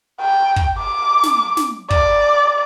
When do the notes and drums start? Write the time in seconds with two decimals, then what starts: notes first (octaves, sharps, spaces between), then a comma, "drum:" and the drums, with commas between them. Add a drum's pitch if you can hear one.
0.21 G5
0.56 drum: kick
0.78 D6
1.23 drum: snare
1.57 drum: snare
1.90 D5, drum: kick